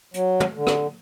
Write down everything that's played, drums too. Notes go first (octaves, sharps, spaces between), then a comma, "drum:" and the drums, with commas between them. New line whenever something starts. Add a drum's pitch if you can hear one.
F#3, drum: hi-hat
drum: tom
D3
drum: rim click